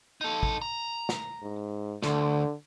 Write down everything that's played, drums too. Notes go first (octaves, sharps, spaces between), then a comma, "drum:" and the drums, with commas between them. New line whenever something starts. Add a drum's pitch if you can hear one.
D#4 A4
drum: kick
A#5
drum: snare
G#2
D2 D3, drum: snare